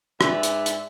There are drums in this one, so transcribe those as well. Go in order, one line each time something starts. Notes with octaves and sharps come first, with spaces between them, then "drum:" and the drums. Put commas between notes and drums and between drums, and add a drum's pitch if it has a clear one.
G#2 B4 D5 E5, drum: rim click
drum: hi-hat
drum: hi-hat